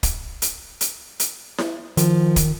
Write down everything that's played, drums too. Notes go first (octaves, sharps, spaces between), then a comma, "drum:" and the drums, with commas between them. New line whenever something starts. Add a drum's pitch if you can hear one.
drum: kick, hi-hat
drum: hi-hat
drum: hi-hat
drum: hi-hat
drum: snare E4
D#3 F3, drum: hi-hat
drum: kick, hi-hat